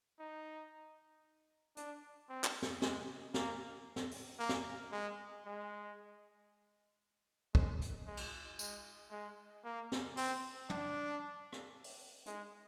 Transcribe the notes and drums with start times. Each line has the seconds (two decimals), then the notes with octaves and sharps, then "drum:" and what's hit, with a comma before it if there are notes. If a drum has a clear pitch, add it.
0.19 D#4
1.77 D4, drum: hi-hat
2.29 C4
2.44 drum: clap
2.62 drum: snare
2.82 G#3, drum: snare
3.34 A#3, drum: snare
3.96 drum: snare
4.11 drum: open hi-hat
4.39 A#3
4.49 drum: snare
4.92 G#3
5.45 G#3
7.55 G#3, drum: kick
7.82 drum: hi-hat
8.07 G#3
8.17 drum: cymbal
8.59 G#3, drum: tambourine
9.11 G#3
9.65 A#3
9.92 drum: snare
10.17 C4, drum: open hi-hat
10.70 D4, drum: tom
11.52 drum: rim click
11.84 drum: open hi-hat
12.26 G#3, drum: hi-hat